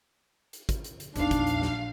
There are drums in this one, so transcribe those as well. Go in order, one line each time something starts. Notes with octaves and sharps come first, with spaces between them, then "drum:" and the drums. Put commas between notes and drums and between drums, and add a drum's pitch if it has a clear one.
drum: hi-hat
drum: kick, hi-hat
drum: hi-hat
drum: hi-hat
A#1 E2 D4 D#4 F5, drum: hi-hat
drum: kick, hi-hat
drum: hi-hat
drum: snare